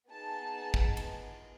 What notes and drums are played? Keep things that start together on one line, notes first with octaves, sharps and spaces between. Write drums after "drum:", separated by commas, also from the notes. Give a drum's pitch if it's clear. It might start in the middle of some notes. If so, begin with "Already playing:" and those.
B3 D#4 G#4 A5
drum: kick
drum: cymbal